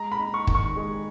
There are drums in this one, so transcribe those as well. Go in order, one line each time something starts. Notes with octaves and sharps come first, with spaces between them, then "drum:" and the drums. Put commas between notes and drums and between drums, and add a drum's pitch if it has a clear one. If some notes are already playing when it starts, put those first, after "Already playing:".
Already playing: G#3 A#5
B5
D#4
C#6
D#3, drum: kick
C#6
G#3